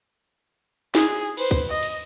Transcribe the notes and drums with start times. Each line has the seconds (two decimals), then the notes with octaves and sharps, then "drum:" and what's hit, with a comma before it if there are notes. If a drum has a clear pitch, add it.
0.95 G#4, drum: snare
1.37 B4 C5, drum: cymbal
1.51 drum: kick
1.69 D#5
1.83 drum: cymbal